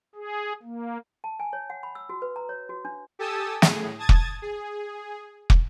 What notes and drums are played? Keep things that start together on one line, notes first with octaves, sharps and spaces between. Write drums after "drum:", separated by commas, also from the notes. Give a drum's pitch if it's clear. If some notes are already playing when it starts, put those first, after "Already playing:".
G#4
A#3
A5
G#5
C#5
F#5
B5
E6
F#4
B4
A#5
C#5
F#4
D4
G4 A4 G#5 A5 D#6 E6
A2 G#4, drum: snare
A5 D#6 G#6 A6
drum: kick
G#4
drum: kick